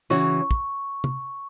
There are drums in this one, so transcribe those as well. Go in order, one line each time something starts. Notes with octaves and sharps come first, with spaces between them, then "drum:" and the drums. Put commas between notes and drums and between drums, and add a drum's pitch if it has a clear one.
C#3 E3 C#4 F#4 C#5 C#6
drum: kick
drum: tom C3